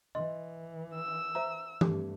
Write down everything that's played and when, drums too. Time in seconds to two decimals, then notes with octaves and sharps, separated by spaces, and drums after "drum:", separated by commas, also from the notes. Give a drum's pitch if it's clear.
0.15 E3 D#5 C6
0.95 E6
1.35 C5 E5 A#5
1.81 G2 A3 G4, drum: tom E3